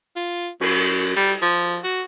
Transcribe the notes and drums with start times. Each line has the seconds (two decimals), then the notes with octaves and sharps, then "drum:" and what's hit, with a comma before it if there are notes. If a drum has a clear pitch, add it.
0.16 F4
0.61 F#2, drum: cymbal
1.16 G3
1.42 F3
1.84 F#4